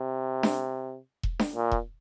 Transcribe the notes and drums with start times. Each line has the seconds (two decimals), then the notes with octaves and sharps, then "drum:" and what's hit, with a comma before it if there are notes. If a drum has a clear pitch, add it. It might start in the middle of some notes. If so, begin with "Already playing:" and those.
Already playing: C3
0.43 drum: snare D4
1.23 drum: kick E1
1.39 drum: snare D4
1.55 A#2
1.72 drum: kick E1